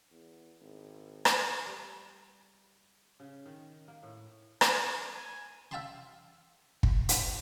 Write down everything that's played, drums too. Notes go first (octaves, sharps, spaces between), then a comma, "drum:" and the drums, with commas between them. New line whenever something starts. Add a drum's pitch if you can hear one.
E2
G#1
drum: rim click
G3
C#3
D#3
A#3
A2
D4, drum: rim click
G#5
E5 F5 G5 A5 B5 C6
drum: kick
drum: hi-hat